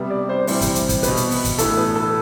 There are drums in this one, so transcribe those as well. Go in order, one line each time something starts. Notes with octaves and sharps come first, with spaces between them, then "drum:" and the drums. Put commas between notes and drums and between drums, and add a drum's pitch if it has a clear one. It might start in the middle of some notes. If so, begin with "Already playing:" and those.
Already playing: C3 G3 B3
D5
C5
C3 E3 G3 C5, drum: open hi-hat
drum: kick, hi-hat
drum: hi-hat
drum: kick, hi-hat
B2 B3 B4, drum: hi-hat
drum: hi-hat
drum: open hi-hat
drum: kick, hi-hat
A2 E3 B3 A4, drum: hi-hat
B4
A4